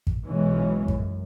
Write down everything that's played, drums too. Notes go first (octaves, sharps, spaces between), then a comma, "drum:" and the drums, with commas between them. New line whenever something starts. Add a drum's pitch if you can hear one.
drum: kick
B1 B2 E3 G#3 C#4
F#2, drum: kick